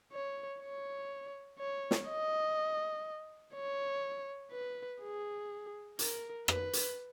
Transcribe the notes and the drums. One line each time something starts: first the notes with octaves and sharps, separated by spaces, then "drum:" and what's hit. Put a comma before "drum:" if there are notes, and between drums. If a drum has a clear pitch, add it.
C#5
C#5
C#5
drum: snare
D#5
C#5
B4
G#4
A#4, drum: hi-hat
B4, drum: rim click
drum: hi-hat